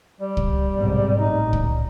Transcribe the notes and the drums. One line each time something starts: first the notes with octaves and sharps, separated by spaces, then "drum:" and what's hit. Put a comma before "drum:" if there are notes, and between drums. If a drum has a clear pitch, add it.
G3
drum: kick
B1 G#2 C3
A1 D#4
drum: kick